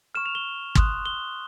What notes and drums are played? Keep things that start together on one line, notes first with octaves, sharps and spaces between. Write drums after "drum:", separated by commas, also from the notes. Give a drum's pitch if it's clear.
C#6 F6 E7
F7
G7
C6 D#6 F#6, drum: kick
G7